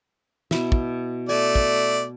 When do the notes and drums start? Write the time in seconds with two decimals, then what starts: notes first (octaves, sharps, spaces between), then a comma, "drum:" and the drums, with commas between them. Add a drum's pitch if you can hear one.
0.51 B2 E4 E5, drum: snare
0.72 drum: kick
1.29 A3 D5 G#5
1.55 drum: kick